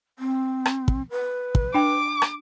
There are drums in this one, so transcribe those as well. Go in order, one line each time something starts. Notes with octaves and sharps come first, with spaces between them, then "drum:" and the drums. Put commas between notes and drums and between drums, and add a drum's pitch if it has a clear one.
C4
drum: rim click
drum: kick
B4
drum: kick
D4 G5 D6
drum: rim click